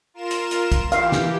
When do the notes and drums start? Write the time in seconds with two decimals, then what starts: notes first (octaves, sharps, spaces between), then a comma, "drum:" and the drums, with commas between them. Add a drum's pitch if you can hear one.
0.14 F4 A#4 E7
0.31 drum: hi-hat
0.51 drum: hi-hat
0.72 drum: kick, hi-hat
0.92 E3 G4 F5, drum: hi-hat
1.12 drum: snare